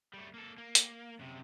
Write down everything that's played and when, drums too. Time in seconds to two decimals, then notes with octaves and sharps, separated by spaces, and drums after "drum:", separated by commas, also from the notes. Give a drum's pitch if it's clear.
0.13 G3 A3
0.34 A#3 A4
0.58 A#3
0.75 drum: hi-hat
1.19 F#2 C3